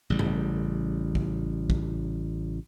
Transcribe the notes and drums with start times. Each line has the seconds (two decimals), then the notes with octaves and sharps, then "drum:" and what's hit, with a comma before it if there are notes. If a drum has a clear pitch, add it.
0.10 A1 C#3 G3
0.19 drum: tom G2
1.15 drum: kick
1.70 drum: kick